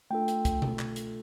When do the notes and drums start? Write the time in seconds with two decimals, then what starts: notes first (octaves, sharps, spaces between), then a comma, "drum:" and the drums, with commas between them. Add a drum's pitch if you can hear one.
0.10 A3 D4 F4 A4 G5
0.28 drum: hi-hat
0.45 drum: kick, hi-hat
0.62 drum: tom B2
0.79 drum: clap
0.96 drum: hi-hat